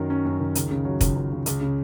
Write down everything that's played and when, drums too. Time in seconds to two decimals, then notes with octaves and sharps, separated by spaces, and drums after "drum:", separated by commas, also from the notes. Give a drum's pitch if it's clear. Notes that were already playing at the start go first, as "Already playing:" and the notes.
Already playing: F#2 D#3 F#3
0.10 C#4
0.25 F#2
0.40 D#3
0.55 C#2, drum: hi-hat
0.71 C#3
0.85 F#3
1.01 C#2, drum: kick, hi-hat
1.16 C#2
1.32 C#3
1.46 C#2, drum: hi-hat
1.61 C#3